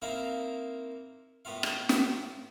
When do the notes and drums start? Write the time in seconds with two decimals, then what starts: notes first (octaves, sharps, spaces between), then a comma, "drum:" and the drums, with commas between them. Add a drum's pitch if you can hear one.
0.02 A#3 C4 D#4 E4 F5
1.45 A2 B3 F4 F5
1.63 drum: rim click
1.89 drum: snare